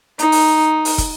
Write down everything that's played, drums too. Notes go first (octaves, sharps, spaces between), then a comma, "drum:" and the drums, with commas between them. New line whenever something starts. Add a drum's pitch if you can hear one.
D#4, drum: hi-hat
drum: open hi-hat
drum: open hi-hat
drum: kick, hi-hat